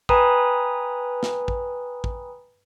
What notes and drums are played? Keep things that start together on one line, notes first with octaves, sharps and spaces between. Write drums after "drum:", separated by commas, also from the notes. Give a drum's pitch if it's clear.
B4 G5 G#5 A#5 B5 D#6, drum: kick
drum: snare
drum: kick
drum: kick